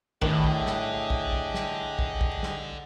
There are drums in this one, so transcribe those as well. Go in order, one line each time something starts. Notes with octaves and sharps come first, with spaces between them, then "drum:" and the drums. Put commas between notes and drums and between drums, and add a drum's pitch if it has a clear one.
A2 D3 D#3 D4 G4 G#4 D#5, drum: kick
drum: kick
drum: snare
drum: kick
drum: kick
drum: snare
drum: kick
drum: kick
drum: snare